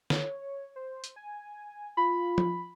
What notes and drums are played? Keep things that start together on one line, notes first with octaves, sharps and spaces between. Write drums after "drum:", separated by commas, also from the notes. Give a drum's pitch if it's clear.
C#5, drum: snare
C5
drum: hi-hat
G#5
F4 B5
drum: tom